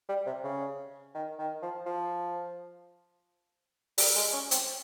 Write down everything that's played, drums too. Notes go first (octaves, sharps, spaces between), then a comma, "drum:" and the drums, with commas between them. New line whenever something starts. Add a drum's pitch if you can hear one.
G3
C3
C#3
D#3
D#3
F3
F3
G3, drum: open hi-hat
G#3
C#4
C4, drum: hi-hat